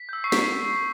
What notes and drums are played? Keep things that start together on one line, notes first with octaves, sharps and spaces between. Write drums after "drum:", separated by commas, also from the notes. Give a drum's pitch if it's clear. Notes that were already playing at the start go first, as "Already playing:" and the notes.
Already playing: B6
E6 G6
C#6 C7
B6, drum: snare